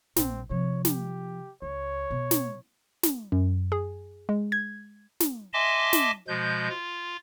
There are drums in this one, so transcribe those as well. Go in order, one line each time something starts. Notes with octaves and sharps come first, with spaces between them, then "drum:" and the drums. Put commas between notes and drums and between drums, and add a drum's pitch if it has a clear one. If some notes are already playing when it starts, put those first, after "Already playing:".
A#1 C4, drum: snare
C3 F3 C#5
G4, drum: snare
C#2 C#5
B2
drum: snare
drum: snare
F#2
G#4
G#3
G#6
drum: snare
D#5 E5 G#5 A5 C6 D6
drum: snare
B2 F3 G#3 G6
F4